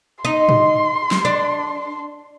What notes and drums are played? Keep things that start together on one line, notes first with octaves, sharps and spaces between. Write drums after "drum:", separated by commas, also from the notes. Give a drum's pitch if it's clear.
D#4 C6
drum: tom
drum: snare
D4